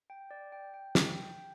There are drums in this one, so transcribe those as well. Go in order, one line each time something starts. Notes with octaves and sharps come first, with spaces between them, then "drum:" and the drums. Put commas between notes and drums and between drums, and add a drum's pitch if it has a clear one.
G5
D5
G5
G5
G5, drum: snare
G5
G5